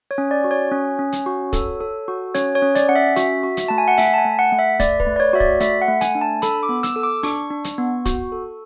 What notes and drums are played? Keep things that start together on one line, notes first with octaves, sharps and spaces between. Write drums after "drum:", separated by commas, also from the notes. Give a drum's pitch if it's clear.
C#5
C#4
D5
F#4
C#5
C#4
C#4
drum: hi-hat
F#4
A4, drum: kick, hi-hat
A4
F#4
C#4 C#5, drum: hi-hat
C#5
C#4
D5, drum: hi-hat
C#4 F#5
E5
F#4 E5, drum: hi-hat
F#4
drum: hi-hat
A3 A5
G#5
F#5
A3 E5, drum: open hi-hat
A5
G#5
A3
F#5
A3
E5
A3 D5, drum: kick, hi-hat
B4, drum: kick
A3
D5
C#5
F#4 E5
D5, drum: kick
A3 E5, drum: hi-hat
F#5
A3
G#5, drum: hi-hat
D4
A5
A4 B5, drum: hi-hat
D6
B3
E6, drum: hi-hat
A4
D6
D4 C#6, drum: open hi-hat
D4
drum: hi-hat
B3
F#4, drum: kick, hi-hat
A4